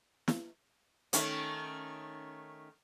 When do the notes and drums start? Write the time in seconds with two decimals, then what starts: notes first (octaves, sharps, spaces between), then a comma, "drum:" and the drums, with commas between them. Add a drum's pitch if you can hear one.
0.28 drum: snare
1.13 D#3 A3 C#4, drum: hi-hat